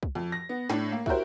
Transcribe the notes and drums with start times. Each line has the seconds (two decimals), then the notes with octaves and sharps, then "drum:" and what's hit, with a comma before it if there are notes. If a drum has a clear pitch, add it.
0.03 drum: kick
0.15 F2
0.32 A#6
0.49 B3
0.69 A2 D4, drum: snare
0.92 A#3
1.06 E4 F#4 G4 A#4 C5, drum: kick